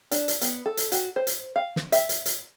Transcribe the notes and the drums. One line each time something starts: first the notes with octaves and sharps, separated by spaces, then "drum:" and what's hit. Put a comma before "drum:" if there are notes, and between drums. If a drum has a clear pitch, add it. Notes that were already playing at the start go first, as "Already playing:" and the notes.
D4, drum: hi-hat
drum: hi-hat
B3, drum: hi-hat
A4
drum: hi-hat
F#4, drum: hi-hat
C5
drum: hi-hat
F5
drum: snare
E5, drum: hi-hat
drum: hi-hat
drum: hi-hat